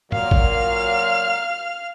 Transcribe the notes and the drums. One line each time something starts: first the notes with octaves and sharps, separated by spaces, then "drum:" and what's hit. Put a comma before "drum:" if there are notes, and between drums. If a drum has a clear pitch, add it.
A#2 F#3 A#3 F5 F6, drum: tom G#2
drum: kick A1